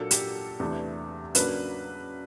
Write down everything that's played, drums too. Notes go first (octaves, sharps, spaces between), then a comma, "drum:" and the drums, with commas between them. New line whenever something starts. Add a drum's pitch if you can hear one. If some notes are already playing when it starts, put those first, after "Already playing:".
Already playing: A#2 F#3 A#3 D4 A4
G4, drum: hi-hat
E2 C3 E3 A3 D4
C#3 F#3 A#3 D4 B4, drum: hi-hat